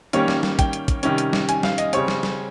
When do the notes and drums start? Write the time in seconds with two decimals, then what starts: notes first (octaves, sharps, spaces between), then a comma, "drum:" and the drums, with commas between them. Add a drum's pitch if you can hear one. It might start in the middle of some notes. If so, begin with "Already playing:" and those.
0.13 D#3 G3 A#3 C#4 C#5, drum: hi-hat
0.28 drum: snare
0.43 drum: snare
0.59 G5, drum: kick, hi-hat
0.73 drum: hi-hat
0.88 drum: kick, hi-hat
1.03 C3 D#3 G3 C#4, drum: hi-hat
1.18 drum: hi-hat
1.33 drum: snare
1.49 G#5, drum: hi-hat
1.63 F5, drum: snare
1.78 D#5, drum: hi-hat
1.93 C#3 G3 C4 C#5, drum: hi-hat
2.08 drum: snare
2.23 drum: snare